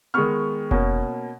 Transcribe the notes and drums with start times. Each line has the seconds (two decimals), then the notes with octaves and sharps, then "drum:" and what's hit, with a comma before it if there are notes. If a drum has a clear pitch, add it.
0.14 D#3 G#3 B3 C#6 F6
0.71 B2 A#3 C#4, drum: kick F1